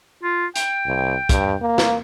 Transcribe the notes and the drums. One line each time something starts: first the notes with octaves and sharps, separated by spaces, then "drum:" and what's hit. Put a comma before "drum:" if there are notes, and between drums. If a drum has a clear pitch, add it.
F4
G5, drum: hi-hat
C2
G2, drum: kick, hi-hat
A#3
drum: snare